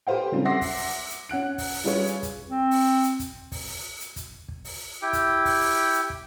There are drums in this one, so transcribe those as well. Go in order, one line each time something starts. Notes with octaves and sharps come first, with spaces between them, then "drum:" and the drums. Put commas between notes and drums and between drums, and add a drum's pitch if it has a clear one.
G4 A4 B4 C5 F5 G5
C#3 F#3 G3 C4 C#4 A4
E5 F#5 C6 D6 A#6 C7
drum: kick, open hi-hat
drum: open hi-hat
drum: hi-hat
C#4 F#5 F#6 D7
drum: kick, open hi-hat
drum: open hi-hat
G3 C#4 F4 G#4 B4 C#5
drum: hi-hat
drum: kick, hi-hat
C4
drum: open hi-hat
drum: hi-hat
drum: kick, hi-hat
drum: kick, open hi-hat
drum: open hi-hat
drum: hi-hat
drum: kick, hi-hat
drum: kick
drum: open hi-hat
E4 G4 G5
drum: kick, hi-hat
drum: kick, open hi-hat
drum: open hi-hat
drum: hi-hat
drum: kick